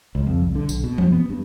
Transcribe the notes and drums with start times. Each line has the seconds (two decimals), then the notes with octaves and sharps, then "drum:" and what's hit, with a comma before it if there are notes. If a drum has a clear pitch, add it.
0.15 C#2
0.26 F2
0.41 C2
0.55 D3
0.69 B1, drum: tambourine
0.84 B2
0.98 F#2, drum: tom E3
1.12 B3
1.30 G2